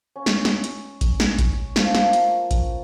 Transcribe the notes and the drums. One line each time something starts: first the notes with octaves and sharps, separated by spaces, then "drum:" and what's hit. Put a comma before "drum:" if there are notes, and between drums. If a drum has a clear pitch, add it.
C#4
drum: snare
drum: snare
drum: hi-hat
drum: kick A1, hi-hat
drum: snare
drum: kick A1, hi-hat
F3 A#3 A5, drum: snare
drum: snare
drum: hi-hat
drum: kick A1, hi-hat